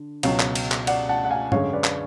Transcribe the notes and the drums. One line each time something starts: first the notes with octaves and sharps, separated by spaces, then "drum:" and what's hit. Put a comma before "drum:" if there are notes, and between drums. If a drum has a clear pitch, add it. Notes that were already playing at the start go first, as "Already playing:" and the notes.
Already playing: D3
C#2 B2 F#3 C#5 F5, drum: cymbal
drum: clap
drum: cymbal
drum: clap
D5 F#5, drum: cymbal
F#5 A5
F#5
F5 G#5
F#2 D3 G#3 C#5 F5, drum: tom G#2
B4 D5
drum: clap